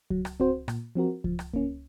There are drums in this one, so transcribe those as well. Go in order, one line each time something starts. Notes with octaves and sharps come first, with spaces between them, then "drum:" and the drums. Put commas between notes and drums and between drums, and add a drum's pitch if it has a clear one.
F#3, drum: kick C#2
drum: rim click
C4 F#4 C5, drum: kick C#2
A#2, drum: rim click
F3 C4 F#4 A#4
F3, drum: kick C#2
drum: rim click
A#3 C#4, drum: kick C#2